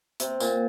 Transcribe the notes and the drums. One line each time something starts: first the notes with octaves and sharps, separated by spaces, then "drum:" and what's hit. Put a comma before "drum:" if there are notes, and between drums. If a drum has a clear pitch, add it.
C3, drum: hi-hat
A#2, drum: tambourine